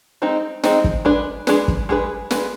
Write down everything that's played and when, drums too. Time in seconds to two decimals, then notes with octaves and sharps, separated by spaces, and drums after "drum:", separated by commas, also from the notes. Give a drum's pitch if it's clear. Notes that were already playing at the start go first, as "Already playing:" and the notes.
0.22 G#3 C4 D#4
0.63 G#3 C4 D#4, drum: snare
0.84 drum: kick
1.05 G#3 D4 G#4 B4
1.47 G#3 D4 G#4 B4, drum: snare
1.68 drum: kick
1.89 G#3 D4 G#4 B4
2.31 G#3 D4 G#4 B4, drum: snare